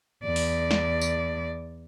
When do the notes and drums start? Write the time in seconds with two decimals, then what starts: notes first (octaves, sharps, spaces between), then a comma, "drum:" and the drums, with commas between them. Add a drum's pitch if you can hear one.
0.23 E2 D5
0.36 drum: open hi-hat
0.71 drum: snare
1.01 drum: tambourine